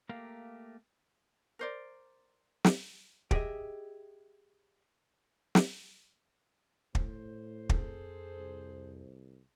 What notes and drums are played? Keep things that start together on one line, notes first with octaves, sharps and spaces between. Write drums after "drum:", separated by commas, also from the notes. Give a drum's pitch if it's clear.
A3 A#3 G4 A#4 F5
A#4 C5 D5
drum: snare
G4 G#4 D#5 E5, drum: kick
drum: snare
A2 C5, drum: kick
F2 F4 G#4 A4, drum: kick
C2